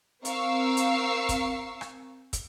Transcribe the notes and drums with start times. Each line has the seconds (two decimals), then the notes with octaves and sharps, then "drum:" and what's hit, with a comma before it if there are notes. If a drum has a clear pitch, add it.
0.25 C4 A#4 F5 C#6 E6 C7, drum: hi-hat
0.77 drum: hi-hat
1.29 drum: kick, hi-hat
1.81 drum: rim click
2.33 drum: kick, hi-hat